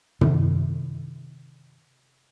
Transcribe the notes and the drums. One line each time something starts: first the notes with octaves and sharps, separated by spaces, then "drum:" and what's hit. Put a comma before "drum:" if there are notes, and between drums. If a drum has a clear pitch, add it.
C3 D#3, drum: tom